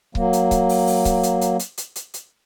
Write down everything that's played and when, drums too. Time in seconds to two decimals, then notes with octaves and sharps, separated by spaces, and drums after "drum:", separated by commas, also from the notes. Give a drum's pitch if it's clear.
0.15 F#3 A#3, drum: kick C#1
0.33 drum: hi-hat
0.51 drum: kick C#1, hi-hat
0.69 drum: open hi-hat
0.87 drum: open hi-hat
1.05 drum: kick C#1, hi-hat
1.23 drum: hi-hat
1.41 drum: hi-hat
1.60 drum: hi-hat
1.78 drum: hi-hat
1.96 drum: hi-hat
2.14 drum: hi-hat